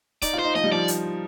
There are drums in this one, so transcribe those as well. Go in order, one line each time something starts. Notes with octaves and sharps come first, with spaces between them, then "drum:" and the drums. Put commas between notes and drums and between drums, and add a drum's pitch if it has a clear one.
D#4 D5, drum: kick C#1, hi-hat
F4
D#4 C5
F3 D#5, drum: snare
G3
F3 D5
drum: hi-hat